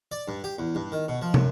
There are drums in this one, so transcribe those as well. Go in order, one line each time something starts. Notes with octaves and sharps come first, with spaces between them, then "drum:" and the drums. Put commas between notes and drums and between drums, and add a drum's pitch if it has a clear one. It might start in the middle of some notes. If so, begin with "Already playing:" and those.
D5
G2
G4
E2
G2
D#3
B2
F3
F#2, drum: tom